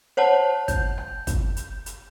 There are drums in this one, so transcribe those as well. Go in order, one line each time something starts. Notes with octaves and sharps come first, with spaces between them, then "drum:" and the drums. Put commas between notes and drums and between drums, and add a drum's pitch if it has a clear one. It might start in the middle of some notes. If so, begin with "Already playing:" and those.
C5 C#5 F#5 A5
G6, drum: kick, hi-hat
drum: rim click
drum: kick, hi-hat
drum: hi-hat
drum: hi-hat